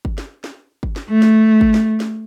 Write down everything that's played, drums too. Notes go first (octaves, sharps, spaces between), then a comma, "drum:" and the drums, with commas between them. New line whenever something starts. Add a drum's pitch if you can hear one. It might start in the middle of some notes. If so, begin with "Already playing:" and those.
drum: kick G1
drum: snare
drum: snare
drum: kick G1
drum: snare
A3
drum: snare
drum: kick G1
drum: snare
drum: snare